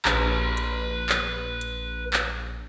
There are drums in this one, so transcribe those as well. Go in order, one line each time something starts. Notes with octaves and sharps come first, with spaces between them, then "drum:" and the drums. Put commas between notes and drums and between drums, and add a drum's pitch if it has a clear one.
A#1 B4 A#5, drum: clap
drum: hi-hat
drum: clap
drum: hi-hat
drum: clap